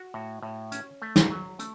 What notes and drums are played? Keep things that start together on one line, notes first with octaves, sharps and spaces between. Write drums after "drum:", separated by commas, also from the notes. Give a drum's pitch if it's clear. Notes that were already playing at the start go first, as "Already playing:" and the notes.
Already playing: F#4
A2
A2
C#4, drum: hi-hat
A3
drum: snare
F#3
A3, drum: hi-hat